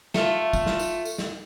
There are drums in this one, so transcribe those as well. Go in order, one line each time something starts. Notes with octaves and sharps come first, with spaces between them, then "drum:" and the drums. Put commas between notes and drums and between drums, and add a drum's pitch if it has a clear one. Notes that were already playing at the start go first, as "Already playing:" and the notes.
A3 F4, drum: snare
drum: kick, tambourine
drum: snare
drum: tambourine
drum: tambourine
drum: snare